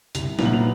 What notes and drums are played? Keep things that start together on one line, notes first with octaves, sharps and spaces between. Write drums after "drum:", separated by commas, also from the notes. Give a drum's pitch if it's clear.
C2 F7, drum: hi-hat
A#2 F#3 B3 E4 F7, drum: snare
F#7
F7